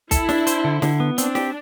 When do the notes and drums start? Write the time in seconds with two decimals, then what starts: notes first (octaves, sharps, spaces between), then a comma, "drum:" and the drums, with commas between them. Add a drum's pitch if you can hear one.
0.11 E4 A4, drum: kick, hi-hat
0.29 D4, drum: snare
0.47 C5, drum: hi-hat
0.64 D3
0.82 D3, drum: snare
1.00 B3
1.18 C4 D4, drum: hi-hat
1.35 G4, drum: snare